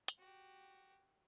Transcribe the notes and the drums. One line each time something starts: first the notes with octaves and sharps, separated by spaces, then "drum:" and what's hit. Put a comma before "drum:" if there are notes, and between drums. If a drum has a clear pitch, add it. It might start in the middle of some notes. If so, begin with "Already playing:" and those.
drum: hi-hat
F#4 G4